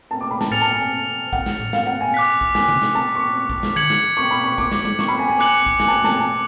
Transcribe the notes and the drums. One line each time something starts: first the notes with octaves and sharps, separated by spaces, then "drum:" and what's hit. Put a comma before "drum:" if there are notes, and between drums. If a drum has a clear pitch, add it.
A5
D6
B5
A5, drum: snare
G#5 F6 A6 C#7 F7, drum: tom A2
A5
G#5
F#5, drum: kick
drum: snare
drum: tom A2
F5, drum: snare
F#5
G#5
D6 F#6 B6
drum: kick
G#5, drum: snare
drum: tom C3
drum: snare
A5
C#6
drum: kick
drum: snare
G#6 C#7 F#7, drum: tom D3
drum: snare
C#6
B5
C#6
D6, drum: kick
drum: snare
drum: tom G3
C#6, drum: snare
B5
G#5
G#5
G#5 D6 F#6 C#7 F#7
drum: kick
G#5, drum: snare
A5
G#5
A5, drum: snare
G#5
A5